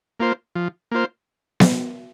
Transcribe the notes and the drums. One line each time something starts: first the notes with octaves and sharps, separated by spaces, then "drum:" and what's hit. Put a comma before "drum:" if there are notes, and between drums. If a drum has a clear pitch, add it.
A#3 F4 C5
F3
A#3 F4 C5
drum: snare B3